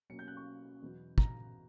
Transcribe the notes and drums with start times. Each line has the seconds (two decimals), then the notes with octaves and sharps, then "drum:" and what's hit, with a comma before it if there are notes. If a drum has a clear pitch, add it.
0.10 B2 F#3 A#3 C#4 C#7
0.19 G6
0.28 F#6
0.37 C#6
0.82 E2 B2 F#3 B3
1.18 A#5, drum: kick